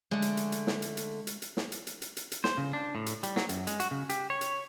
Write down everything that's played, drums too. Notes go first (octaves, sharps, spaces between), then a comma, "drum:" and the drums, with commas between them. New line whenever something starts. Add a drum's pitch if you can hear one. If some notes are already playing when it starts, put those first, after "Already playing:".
D3 G#3 A3
drum: hi-hat
drum: hi-hat
drum: hi-hat
drum: snare
drum: hi-hat
drum: hi-hat
drum: hi-hat
drum: hi-hat
drum: snare
drum: hi-hat
drum: hi-hat
drum: hi-hat
drum: hi-hat
drum: hi-hat
C5, drum: snare
C#3
D4
A2
drum: hi-hat
G3, drum: hi-hat
F#3, drum: snare
F#2, drum: hi-hat
G#3, drum: hi-hat
F#4, drum: hi-hat
C#3
G4, drum: hi-hat
C#5
drum: hi-hat